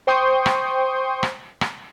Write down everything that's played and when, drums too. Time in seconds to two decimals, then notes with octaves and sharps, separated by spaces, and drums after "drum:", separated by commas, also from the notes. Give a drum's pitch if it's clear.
0.07 C5 G5 C6 C#6 D#6 G6
0.46 drum: rim click
1.23 drum: rim click
1.61 drum: rim click